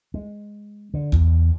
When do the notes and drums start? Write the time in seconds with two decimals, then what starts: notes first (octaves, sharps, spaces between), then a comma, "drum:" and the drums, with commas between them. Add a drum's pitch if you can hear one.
0.14 G#3
0.94 D3
1.12 E2, drum: kick A1